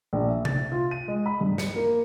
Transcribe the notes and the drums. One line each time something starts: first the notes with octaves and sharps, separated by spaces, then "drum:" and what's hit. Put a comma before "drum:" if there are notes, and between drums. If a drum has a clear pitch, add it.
A#1
E5
A6, drum: tom C3
F4
D#7
G#3
B5
G2
C#7, drum: snare
A#3